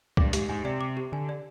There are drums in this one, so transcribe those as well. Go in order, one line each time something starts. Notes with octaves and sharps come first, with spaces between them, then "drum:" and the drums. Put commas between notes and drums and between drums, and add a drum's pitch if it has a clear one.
G2 D6, drum: kick C#2
G#2 G4, drum: hi-hat
G#2 G#5
C3 D5
D6
G4
D3 G#5
D5